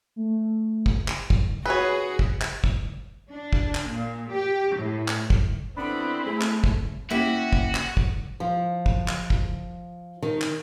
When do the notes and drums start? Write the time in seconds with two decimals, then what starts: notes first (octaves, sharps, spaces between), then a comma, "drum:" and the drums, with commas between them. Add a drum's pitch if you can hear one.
0.16 A3
0.86 drum: kick
1.08 drum: clap
1.30 drum: kick
1.66 F#4 G#4 B4 C#5
2.19 drum: kick
2.41 drum: clap
2.64 drum: kick
3.30 D4
3.53 drum: kick
3.75 drum: clap
3.90 A#2
4.31 G4
4.78 A2
5.08 drum: clap
5.30 drum: kick
5.77 D3 B3 C4 D4 E4 B5
6.26 A3 G#4
6.41 drum: clap
6.64 drum: kick
7.10 A#3 C#4 E4 F#4 G4
7.53 drum: kick
7.75 drum: clap
7.97 drum: kick
8.40 F3
8.86 drum: kick
9.08 drum: clap
9.30 drum: kick
10.22 D#3
10.41 drum: clap